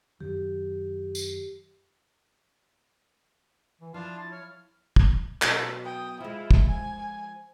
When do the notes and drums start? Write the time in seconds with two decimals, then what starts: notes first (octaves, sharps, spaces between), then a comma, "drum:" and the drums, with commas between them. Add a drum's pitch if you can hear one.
0.20 F#2 D#3 F#3 G4
1.15 drum: tambourine
3.82 E3
3.94 F3 D4 E4 F4 F5 A5
4.19 A6
4.32 C#5 F6
4.96 drum: kick
5.42 B2 F#3, drum: clap
5.84 G5 D#6
6.20 F3 G#3 E4 F4
6.51 drum: kick
6.66 G#5